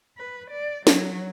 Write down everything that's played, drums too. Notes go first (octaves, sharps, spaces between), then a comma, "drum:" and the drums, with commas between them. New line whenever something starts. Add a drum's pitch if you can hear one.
B4
D5
F#3, drum: snare